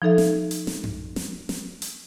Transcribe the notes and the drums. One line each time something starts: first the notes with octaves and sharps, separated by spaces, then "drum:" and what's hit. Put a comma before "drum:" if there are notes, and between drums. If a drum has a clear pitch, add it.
F3 D#4 A4 E5
drum: snare
drum: hi-hat
drum: snare
drum: tom F#2
drum: snare
drum: snare
drum: hi-hat